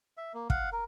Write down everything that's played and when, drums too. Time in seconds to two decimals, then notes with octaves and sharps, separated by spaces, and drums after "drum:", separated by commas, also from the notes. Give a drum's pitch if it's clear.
0.17 E5
0.34 A#3
0.50 F5 F#5, drum: kick
0.73 A#4